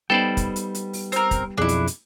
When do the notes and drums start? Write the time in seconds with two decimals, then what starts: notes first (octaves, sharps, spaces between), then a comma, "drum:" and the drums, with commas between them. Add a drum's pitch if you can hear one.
0.10 G3 B3 D#4 A4 C5 D5 G5
0.37 drum: kick, hi-hat
0.56 drum: hi-hat
0.75 drum: hi-hat
0.93 drum: open hi-hat
1.12 C4 A#4, drum: hi-hat
1.31 drum: kick, hi-hat
1.58 B1 F2 D4 E4 G#4
1.69 drum: hi-hat
1.87 drum: hi-hat